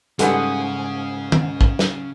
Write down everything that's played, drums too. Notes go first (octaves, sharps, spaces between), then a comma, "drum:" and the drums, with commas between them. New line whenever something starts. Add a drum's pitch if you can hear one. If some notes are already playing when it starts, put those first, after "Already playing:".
F2 G#2 C#3 G3 G#4 A4 B4 F#5, drum: hi-hat
drum: tom D#3
drum: kick
drum: snare